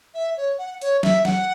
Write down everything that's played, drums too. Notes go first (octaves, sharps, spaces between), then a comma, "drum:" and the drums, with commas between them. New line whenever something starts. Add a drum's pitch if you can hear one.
E5
C#5
F#5
C#5, drum: hi-hat
E5, drum: snare
F#5, drum: snare